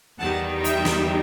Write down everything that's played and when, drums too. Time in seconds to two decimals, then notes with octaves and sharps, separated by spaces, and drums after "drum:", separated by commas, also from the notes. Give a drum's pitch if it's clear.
0.19 E2 D#3 G3 D#4 F#5 A5
0.64 E5 G5, drum: hi-hat
0.85 drum: snare